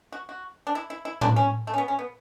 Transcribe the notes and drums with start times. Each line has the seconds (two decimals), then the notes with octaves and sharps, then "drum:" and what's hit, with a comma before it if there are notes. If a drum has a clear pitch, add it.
0.12 F#4
0.29 F#4
0.67 D4
0.75 E4
0.90 E4
1.05 E4
1.21 D4, drum: tom A2
1.36 C#4
1.67 A3
1.74 C#4
1.78 B3
1.88 C#4
1.99 B3